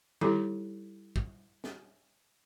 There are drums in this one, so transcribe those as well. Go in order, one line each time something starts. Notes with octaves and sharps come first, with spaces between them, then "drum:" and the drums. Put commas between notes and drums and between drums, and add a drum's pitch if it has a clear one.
G3 D#4 E4 G4 A4, drum: tom D#3
drum: kick
drum: snare